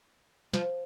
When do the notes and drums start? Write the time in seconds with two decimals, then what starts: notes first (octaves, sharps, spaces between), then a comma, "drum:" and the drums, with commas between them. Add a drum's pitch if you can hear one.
0.54 F3, drum: snare